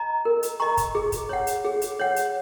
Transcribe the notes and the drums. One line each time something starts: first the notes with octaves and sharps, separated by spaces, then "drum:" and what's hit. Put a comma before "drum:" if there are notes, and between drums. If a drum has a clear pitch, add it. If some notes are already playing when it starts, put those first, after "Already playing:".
Already playing: D#5 A#5
A#4
drum: hi-hat
D#5 A#5 C#6
drum: kick, hi-hat
G#4
drum: kick, hi-hat
C#5 F#5
drum: hi-hat
G#4
drum: hi-hat
C#5 F#5
drum: hi-hat